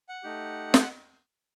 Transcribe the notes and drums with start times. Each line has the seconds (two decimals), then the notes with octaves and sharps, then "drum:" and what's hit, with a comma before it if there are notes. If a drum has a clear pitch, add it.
0.09 F#5
0.23 A3 D#4 G4
0.74 C6, drum: snare